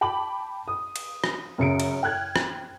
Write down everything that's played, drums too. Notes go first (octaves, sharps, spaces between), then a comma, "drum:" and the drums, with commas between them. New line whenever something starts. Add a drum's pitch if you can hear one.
G5 A5 B5 D6 F#7
D#6
drum: cymbal
drum: rim click
F#2 C#3 C#7 D7
drum: cymbal
G5 F6 F#6 G#6
drum: rim click